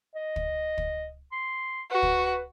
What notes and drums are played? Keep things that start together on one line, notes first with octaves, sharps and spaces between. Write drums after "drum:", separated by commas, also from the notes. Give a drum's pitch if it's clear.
D#5
drum: kick
drum: kick
C6
F#4 B4
drum: kick